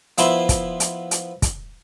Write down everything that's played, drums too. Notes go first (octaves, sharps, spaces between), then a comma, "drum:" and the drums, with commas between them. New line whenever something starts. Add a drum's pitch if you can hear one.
F3 B3 E4 E5 C6, drum: hi-hat
drum: kick, hi-hat
drum: hi-hat
drum: hi-hat
drum: kick, hi-hat